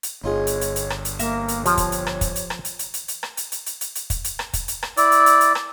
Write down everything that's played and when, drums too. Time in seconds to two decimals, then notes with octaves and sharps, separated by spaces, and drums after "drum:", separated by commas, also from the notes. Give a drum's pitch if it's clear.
0.03 drum: hi-hat
0.24 G1 D#4 F4 G#4 C#5
0.47 drum: hi-hat
0.61 drum: hi-hat
0.76 drum: hi-hat
0.90 drum: rim click
1.05 drum: hi-hat
1.19 A#3 E5 F5 A#5, drum: hi-hat
1.48 drum: hi-hat
1.66 F3 G4 C#5, drum: hi-hat
1.77 drum: kick, hi-hat
1.92 drum: hi-hat
2.07 drum: rim click
2.21 drum: kick, hi-hat
2.36 drum: hi-hat
2.50 drum: rim click
2.65 drum: hi-hat
2.79 drum: hi-hat
2.94 drum: hi-hat
3.08 drum: hi-hat
3.23 drum: rim click
3.37 drum: hi-hat
3.52 drum: hi-hat
3.66 drum: hi-hat
3.81 drum: hi-hat
3.95 drum: hi-hat
4.10 drum: kick, hi-hat
4.24 drum: hi-hat
4.39 drum: rim click
4.53 drum: kick, hi-hat
4.68 drum: hi-hat
4.83 drum: rim click
4.97 E4 D5, drum: hi-hat
5.12 drum: hi-hat
5.26 drum: hi-hat
5.41 drum: hi-hat
5.55 drum: rim click